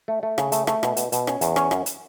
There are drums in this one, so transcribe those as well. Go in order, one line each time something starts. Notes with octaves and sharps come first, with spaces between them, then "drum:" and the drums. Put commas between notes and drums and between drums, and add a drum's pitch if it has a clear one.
A3
A3
C#3, drum: rim click
A3, drum: hi-hat
A3, drum: rim click
B2, drum: rim click
B2, drum: hi-hat
B2, drum: hi-hat
C#4, drum: rim click
E2, drum: hi-hat
C#4, drum: rim click
F#2, drum: rim click
drum: hi-hat